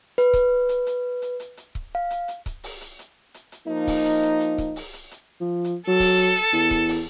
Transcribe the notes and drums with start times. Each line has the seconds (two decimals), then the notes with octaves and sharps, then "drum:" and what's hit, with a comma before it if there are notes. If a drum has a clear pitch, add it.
0.18 B4, drum: hi-hat
0.33 drum: kick C#1, hi-hat
0.69 drum: hi-hat
0.87 drum: hi-hat
1.22 drum: hi-hat
1.40 drum: hi-hat
1.57 drum: hi-hat
1.75 drum: kick C#1
1.95 F5
2.10 drum: hi-hat
2.28 drum: hi-hat
2.46 drum: kick C#1, hi-hat
2.64 drum: open hi-hat
2.81 drum: hi-hat
2.99 drum: hi-hat
3.34 drum: hi-hat
3.52 drum: hi-hat
3.66 F3 A#3 D#4
3.87 drum: kick C#1, open hi-hat
4.05 drum: hi-hat
4.23 drum: hi-hat
4.41 drum: hi-hat
4.58 drum: kick C#1, hi-hat
4.76 drum: open hi-hat
4.94 drum: hi-hat
5.11 drum: hi-hat
5.40 F3
5.64 drum: hi-hat
5.87 F#3 A4
6.00 drum: kick C#1, open hi-hat
6.18 drum: hi-hat
6.35 drum: hi-hat
6.53 E2, drum: hi-hat
6.71 drum: kick C#1, hi-hat
6.88 drum: open hi-hat